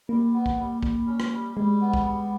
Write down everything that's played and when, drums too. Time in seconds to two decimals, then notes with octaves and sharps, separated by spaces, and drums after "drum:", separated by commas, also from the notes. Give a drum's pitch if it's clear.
0.09 G3 A#3
0.34 B3
0.46 drum: kick
0.58 G3
0.83 G3, drum: kick
1.07 C#4
1.20 drum: rim click
1.32 G3
1.57 G3 G#3
1.81 B3
1.93 drum: kick
2.06 G3